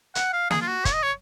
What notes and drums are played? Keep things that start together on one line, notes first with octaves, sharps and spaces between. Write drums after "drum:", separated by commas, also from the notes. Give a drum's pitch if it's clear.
F#5, drum: hi-hat
F5
G#4, drum: snare
F4
F#4
C#5, drum: kick, hi-hat
D#5
C#5